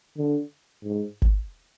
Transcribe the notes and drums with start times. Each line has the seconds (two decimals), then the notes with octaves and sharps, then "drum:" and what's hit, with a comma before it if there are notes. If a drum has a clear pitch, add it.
0.17 D3
0.84 G#2
1.22 drum: kick G1